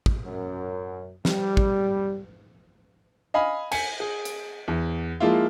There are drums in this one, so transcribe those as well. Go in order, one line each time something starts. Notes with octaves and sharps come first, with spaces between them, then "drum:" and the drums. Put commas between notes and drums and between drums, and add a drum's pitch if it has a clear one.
drum: kick
F#2
G3, drum: snare
drum: kick
D#5 F5 G#5 B5
G#5 B6 C#7, drum: cymbal
G#4
drum: hi-hat
E2
F3 G#3 A#3 E4 F4